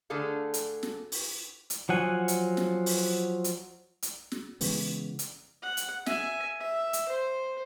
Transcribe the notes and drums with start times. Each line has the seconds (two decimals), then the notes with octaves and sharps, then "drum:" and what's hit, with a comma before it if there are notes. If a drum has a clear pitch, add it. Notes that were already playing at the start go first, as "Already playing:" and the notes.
0.10 D3 A3 G#4 A4 F5
0.54 drum: hi-hat
0.83 drum: snare
1.12 drum: open hi-hat
1.70 drum: hi-hat
1.89 F3 F#3 F#5 G#5
2.28 drum: hi-hat
2.57 drum: snare
2.86 drum: open hi-hat
3.44 drum: hi-hat
4.02 drum: hi-hat
4.32 drum: snare
4.61 C#3 E3 G#3 B3, drum: open hi-hat
5.19 drum: hi-hat
5.63 F#5
5.77 drum: hi-hat
6.06 E5 G#5, drum: snare
6.60 E5
6.93 drum: hi-hat
7.09 C5